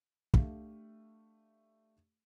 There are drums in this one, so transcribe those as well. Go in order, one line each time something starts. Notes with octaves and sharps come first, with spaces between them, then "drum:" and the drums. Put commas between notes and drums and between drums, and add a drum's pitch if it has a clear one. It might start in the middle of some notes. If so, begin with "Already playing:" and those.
A3 D4 G4 F5, drum: kick